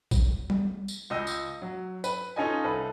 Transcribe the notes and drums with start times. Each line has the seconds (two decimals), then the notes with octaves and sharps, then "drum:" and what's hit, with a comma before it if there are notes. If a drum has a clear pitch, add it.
0.11 drum: kick, tambourine
0.50 drum: tom G3
0.88 drum: tambourine
1.10 C#2 D#5 E6 G6
1.27 drum: tambourine
1.62 F#3
2.04 B4, drum: tambourine
2.36 C#4 D#4 F4 A4 D#5 G#5
2.64 C2 A4 B4